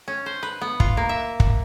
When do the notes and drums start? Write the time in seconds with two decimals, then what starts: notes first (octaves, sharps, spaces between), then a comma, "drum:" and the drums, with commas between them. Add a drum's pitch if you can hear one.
0.08 C#4
0.26 C5
0.43 B4
0.61 B3
0.80 F4, drum: kick
0.97 A#3
1.09 E5
1.40 drum: kick